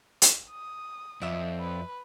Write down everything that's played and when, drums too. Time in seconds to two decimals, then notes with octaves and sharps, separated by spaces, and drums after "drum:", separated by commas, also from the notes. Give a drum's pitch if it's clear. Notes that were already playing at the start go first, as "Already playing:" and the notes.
0.22 drum: hi-hat
0.50 D#6
1.22 F2 D5 E5
1.60 B4